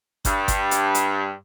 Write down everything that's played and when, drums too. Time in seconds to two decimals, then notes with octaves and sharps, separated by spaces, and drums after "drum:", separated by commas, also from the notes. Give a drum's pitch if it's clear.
0.25 G2, drum: kick G1, hi-hat
0.48 drum: kick G1, hi-hat
0.71 drum: hi-hat
0.95 drum: hi-hat